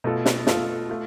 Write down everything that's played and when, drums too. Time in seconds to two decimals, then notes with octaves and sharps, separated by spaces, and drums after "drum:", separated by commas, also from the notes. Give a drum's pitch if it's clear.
0.04 B2 A3 F4 A4
0.25 drum: snare
0.47 B2 A3 F4 A4, drum: snare
0.89 A3 F4